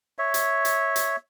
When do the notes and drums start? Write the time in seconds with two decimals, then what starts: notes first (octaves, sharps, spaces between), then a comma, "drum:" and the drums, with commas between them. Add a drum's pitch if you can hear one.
0.18 C#5 E5
0.34 drum: hi-hat
0.65 drum: hi-hat
0.96 drum: hi-hat